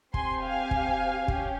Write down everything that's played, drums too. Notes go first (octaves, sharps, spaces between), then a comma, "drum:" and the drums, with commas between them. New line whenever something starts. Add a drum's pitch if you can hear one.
C4 G4 G#5 C6, drum: kick
F5 G#5
drum: kick
C#4 G4, drum: kick